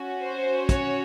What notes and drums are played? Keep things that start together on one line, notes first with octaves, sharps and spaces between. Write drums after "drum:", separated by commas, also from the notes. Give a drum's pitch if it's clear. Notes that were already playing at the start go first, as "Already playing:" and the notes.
Already playing: C#4 F#4
C5
C#5, drum: kick, hi-hat